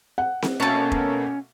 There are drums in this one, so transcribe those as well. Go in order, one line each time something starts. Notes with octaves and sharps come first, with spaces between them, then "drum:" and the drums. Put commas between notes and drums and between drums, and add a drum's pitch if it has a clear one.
F#5
drum: snare C4
B2 A3 A#3 C#4 C#5 A5
drum: kick F1